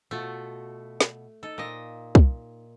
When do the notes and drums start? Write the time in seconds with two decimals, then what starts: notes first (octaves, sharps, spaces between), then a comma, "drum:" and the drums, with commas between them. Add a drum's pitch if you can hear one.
0.11 B2 A3 F4 F#4
1.01 drum: snare
1.43 D#4 A4
1.58 A#2 D#5
2.15 drum: kick